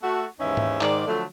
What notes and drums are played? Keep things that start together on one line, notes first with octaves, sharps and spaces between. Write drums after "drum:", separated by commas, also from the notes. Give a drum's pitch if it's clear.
A3 F#4
D#2 G#2 E3 C#4 D#4 E5
drum: tom G#2
G#2 D#3 D5, drum: clap
D3 F3 F#3 A3